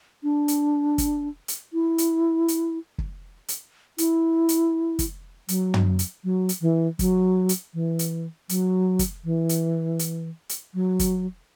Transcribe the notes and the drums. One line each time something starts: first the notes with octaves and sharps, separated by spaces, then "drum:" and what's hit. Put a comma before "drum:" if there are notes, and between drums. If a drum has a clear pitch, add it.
D4
drum: hi-hat
drum: kick, hi-hat
drum: hi-hat
E4
drum: hi-hat
drum: hi-hat
drum: kick
drum: hi-hat
E4, drum: hi-hat
drum: hi-hat
drum: kick, hi-hat
F#3, drum: hi-hat
drum: tom
drum: hi-hat
F#3
drum: hi-hat
E3
F#3, drum: kick, hi-hat
drum: hi-hat
E3
drum: hi-hat
F#3, drum: hi-hat
drum: kick, hi-hat
E3
drum: hi-hat
drum: hi-hat
drum: hi-hat
F#3
drum: kick, hi-hat